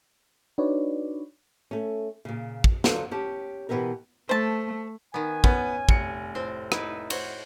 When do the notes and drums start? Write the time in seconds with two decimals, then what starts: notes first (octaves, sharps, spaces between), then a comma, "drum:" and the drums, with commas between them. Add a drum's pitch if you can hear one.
0.58 D4 D#4 F#4 B4 C#5 D5
1.71 A3 C#4
2.25 A#2 C#3
2.64 drum: kick
2.84 D3 F#3 D4 F4 C5, drum: snare
3.11 C#4 G4 A5
3.69 B2 E3 B3 C4 G4 A#4
4.29 A3 C5 A5
5.14 D#3 B3 G#5
5.44 B3 C#4, drum: kick
5.89 F1 C#7, drum: kick
6.35 A2 C4 C5
6.72 D#4 E4 B4, drum: rim click
7.10 F#4 C5 C#5, drum: cymbal